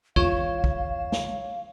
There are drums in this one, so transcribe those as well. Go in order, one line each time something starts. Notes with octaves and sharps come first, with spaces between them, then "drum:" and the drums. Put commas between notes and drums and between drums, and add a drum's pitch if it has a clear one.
G#1 E2 F4 C#5 F5 E7, drum: kick
drum: kick
drum: snare